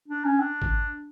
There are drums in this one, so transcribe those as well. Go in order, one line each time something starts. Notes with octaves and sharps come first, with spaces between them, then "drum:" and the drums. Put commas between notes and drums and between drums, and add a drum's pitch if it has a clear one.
D4
C#4
D4
drum: kick G#1